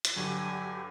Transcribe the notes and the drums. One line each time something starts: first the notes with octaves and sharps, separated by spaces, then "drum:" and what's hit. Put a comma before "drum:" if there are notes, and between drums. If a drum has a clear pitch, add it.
drum: hi-hat
G2 D3 F#3 G4 G#5